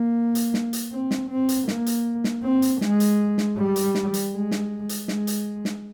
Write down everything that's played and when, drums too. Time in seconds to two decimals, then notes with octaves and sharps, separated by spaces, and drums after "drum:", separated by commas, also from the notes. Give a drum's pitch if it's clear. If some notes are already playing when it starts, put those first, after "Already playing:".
Already playing: A#3
0.35 drum: hi-hat
0.54 drum: snare
0.73 drum: hi-hat
0.92 C4
1.11 drum: snare
1.30 C4
1.49 drum: hi-hat
1.68 A#3, drum: snare
1.86 drum: hi-hat
2.24 drum: snare
2.43 C4
2.62 drum: hi-hat
2.81 G#3, drum: snare
3.00 drum: hi-hat
3.38 drum: snare
3.57 G3
3.76 drum: hi-hat
3.95 drum: snare
4.14 drum: hi-hat
4.32 G#3
4.51 drum: snare
4.89 drum: hi-hat
5.08 G#3, drum: snare
5.27 drum: hi-hat
5.65 drum: snare